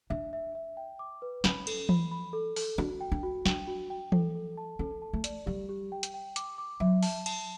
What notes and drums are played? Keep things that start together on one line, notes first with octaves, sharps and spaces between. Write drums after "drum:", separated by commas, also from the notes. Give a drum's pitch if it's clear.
D4 E5
E5
E5
G5
D6
B4
C#4 B5, drum: snare
A4, drum: cymbal
B5, drum: tom E3
B5
A4
A4, drum: open hi-hat
D4 F#4
G5
D4
F#4
D4 G5, drum: snare
F#4
G5
A4, drum: tom E3
A4
A5
C#4 A4
A5
A3
D5, drum: hi-hat
G3 G4
G4
G5
drum: hi-hat
G5
D6, drum: hi-hat
D6
F#3 E5
A5, drum: open hi-hat
A5, drum: cymbal